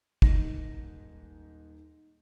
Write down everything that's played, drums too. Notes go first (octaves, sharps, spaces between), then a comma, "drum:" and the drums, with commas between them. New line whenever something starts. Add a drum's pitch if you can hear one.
D#1 G#2 D#4 A#6, drum: kick